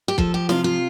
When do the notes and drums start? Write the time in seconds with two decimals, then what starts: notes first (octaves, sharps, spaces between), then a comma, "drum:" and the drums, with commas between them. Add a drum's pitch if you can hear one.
0.08 G4
0.18 F3 A4, drum: kick
0.34 G4
0.49 C3 F4, drum: snare
0.64 F4